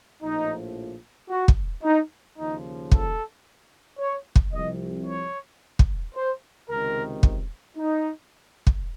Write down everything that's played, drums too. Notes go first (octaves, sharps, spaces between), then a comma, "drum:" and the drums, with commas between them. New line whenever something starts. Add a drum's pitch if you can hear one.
A#1 A2 F3 D#4
F#4
drum: kick
D#4
D#2 C#3 F3 D#4
A4, drum: kick
C#5
drum: kick
C2 C3 F3 D#5
C#5
drum: kick
C5
C#2 C3 D#3 A#4
drum: kick
D#4
drum: kick